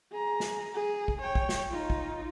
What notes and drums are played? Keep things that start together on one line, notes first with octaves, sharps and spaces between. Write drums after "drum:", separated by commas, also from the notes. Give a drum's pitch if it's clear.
G#4 A#5
drum: snare
G#4
drum: kick
C#5 G5
drum: kick
drum: snare
D#4 F4
drum: kick